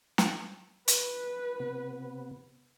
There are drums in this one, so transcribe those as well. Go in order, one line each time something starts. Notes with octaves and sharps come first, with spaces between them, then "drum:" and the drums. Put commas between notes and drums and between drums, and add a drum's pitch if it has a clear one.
drum: snare
B4, drum: hi-hat
C3 B3